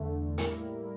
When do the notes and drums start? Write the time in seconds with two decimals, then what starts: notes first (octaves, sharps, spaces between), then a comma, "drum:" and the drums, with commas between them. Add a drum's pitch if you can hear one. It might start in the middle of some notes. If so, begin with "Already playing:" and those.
Already playing: E2 D3 A3
0.38 A2 G3 A#3 E4 A#4, drum: hi-hat